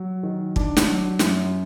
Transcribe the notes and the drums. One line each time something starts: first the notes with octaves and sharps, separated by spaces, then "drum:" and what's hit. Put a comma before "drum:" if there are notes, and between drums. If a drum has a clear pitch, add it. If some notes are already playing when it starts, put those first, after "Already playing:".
Already playing: F#3
D#3
D4, drum: kick
drum: snare
F#3
F#2, drum: snare